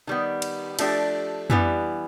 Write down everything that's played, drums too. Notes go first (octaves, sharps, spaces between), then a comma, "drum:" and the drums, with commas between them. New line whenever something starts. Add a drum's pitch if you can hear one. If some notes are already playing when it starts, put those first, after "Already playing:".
D#3 G3 B3
drum: cymbal
F3 A3 D4 G4, drum: cymbal
E3 G3 B3, drum: tom